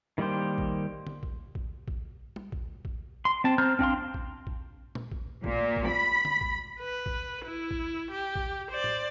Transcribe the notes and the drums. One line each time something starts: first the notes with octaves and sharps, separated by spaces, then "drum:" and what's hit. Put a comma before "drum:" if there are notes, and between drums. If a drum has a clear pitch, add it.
D#3 G3 A#3 G4 C5
drum: kick A1
drum: tom D3
drum: kick A1
drum: kick A1
drum: kick A1
drum: tom
drum: kick A1
drum: kick A1
C6
C4 A5
C4 A#5 F6 G6
C4 D4 F5 C6, drum: kick A1
drum: kick A1
drum: kick A1
drum: tom
drum: kick A1
A#2, drum: kick A1
drum: kick A1
B5
drum: tom D3
drum: kick A1
B4
drum: kick A1
E4
drum: kick A1
G4
drum: kick A1
C5 D5
drum: tom A2